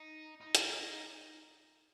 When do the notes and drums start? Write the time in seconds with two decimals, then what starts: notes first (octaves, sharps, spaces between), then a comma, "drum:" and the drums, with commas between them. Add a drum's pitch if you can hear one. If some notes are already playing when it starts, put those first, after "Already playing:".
Already playing: D#4
0.41 D#4
0.55 drum: hi-hat